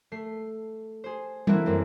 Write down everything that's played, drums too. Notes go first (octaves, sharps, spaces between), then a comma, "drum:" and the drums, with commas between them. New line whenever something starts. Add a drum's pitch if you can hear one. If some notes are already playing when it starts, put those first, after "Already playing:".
A3 C7
G#4 C5
E3 A3 A#3 C4 E4 F#4, drum: tom G3
F#2 G3 A#3 C4